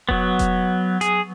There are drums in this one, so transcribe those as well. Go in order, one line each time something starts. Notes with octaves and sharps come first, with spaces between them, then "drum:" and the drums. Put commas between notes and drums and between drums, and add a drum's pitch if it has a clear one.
F#3 B3, drum: kick E1
drum: kick E1, hi-hat
G#4, drum: hi-hat